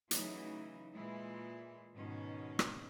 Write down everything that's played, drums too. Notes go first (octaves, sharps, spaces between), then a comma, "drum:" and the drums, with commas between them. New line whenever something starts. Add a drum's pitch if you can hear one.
C#3 E3 F#3 A3 D#4 E4, drum: hi-hat
A#2 E3 G#3 E4
G#2 B2 D#3 B3 C#4
drum: rim click